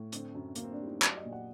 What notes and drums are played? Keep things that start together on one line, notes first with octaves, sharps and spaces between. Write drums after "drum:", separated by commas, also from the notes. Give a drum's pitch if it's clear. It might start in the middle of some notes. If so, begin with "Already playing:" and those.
Already playing: A2
D3 C4, drum: hi-hat
F#2
F#2 A#3, drum: hi-hat
C4
D4
G3
D#4
F#3 D5, drum: clap
D#5
A#2
F#5